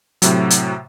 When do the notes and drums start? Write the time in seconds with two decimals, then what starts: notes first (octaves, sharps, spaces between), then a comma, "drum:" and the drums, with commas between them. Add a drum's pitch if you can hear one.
0.22 A2 C3 F#3, drum: hi-hat
0.50 drum: hi-hat